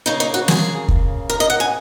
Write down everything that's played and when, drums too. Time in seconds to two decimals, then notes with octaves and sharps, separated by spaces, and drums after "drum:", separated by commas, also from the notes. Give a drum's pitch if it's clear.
0.06 C#3 A#3 D#4
0.20 D#4
0.34 F#4
0.48 G#4, drum: snare
0.88 drum: kick
1.30 A#4
1.40 D#5
1.50 F#5
1.60 G#5